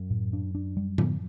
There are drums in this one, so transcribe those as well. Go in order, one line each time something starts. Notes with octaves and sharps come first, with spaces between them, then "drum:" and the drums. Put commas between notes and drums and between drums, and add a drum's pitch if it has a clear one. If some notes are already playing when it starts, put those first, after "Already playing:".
Already playing: F#2
A2
D4
D4
G3
D3, drum: tom A2